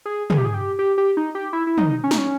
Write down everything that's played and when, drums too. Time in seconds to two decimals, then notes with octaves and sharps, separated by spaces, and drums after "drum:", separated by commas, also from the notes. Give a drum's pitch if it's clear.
0.06 G#4
0.30 G#4, drum: tom
0.38 G4
0.45 G#4
0.54 G4
0.79 G4
0.98 G4
1.17 D#4
1.35 G4
1.53 E4
1.67 E4
1.78 D#4, drum: tom
2.04 C#4
2.11 D#4, drum: snare
2.18 C#4